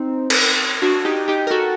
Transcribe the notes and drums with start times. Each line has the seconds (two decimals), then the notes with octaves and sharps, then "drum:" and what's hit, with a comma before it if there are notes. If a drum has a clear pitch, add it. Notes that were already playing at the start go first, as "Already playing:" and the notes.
Already playing: C4 D#4
0.30 drum: cymbal
0.82 D4 F#4
1.05 D#4 G4
1.28 D#4 G4
1.47 A#4
1.51 F#4 A4